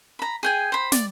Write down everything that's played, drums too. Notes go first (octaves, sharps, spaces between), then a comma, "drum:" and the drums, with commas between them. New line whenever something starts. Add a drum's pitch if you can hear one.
A#5 B5
G#4 G5 G#5
C5 B5
D5, drum: snare